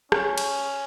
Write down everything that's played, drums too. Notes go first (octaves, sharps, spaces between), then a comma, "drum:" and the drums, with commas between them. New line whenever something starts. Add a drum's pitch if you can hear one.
C#4, drum: rim click
drum: cymbal